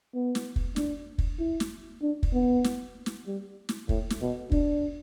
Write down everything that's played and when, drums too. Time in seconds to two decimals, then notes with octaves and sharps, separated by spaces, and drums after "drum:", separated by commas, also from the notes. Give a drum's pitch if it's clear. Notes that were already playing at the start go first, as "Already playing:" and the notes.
0.15 B3
0.35 drum: snare
0.56 drum: kick
0.76 D4, drum: snare
1.18 drum: kick
1.39 E4
1.60 drum: snare
2.02 D4
2.23 drum: kick
2.33 B3
2.64 drum: snare
3.06 drum: snare
3.27 G3
3.69 drum: snare
3.89 A2, drum: kick
4.10 drum: snare
4.21 B2
4.52 D4, drum: kick